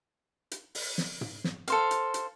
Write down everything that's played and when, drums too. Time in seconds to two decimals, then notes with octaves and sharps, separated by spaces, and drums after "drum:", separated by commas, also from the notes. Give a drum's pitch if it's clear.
0.51 drum: hi-hat
0.75 drum: open hi-hat
0.98 drum: snare
1.21 drum: tom
1.44 drum: snare
1.68 A4 C5 F5, drum: hi-hat
1.91 drum: hi-hat
2.14 drum: hi-hat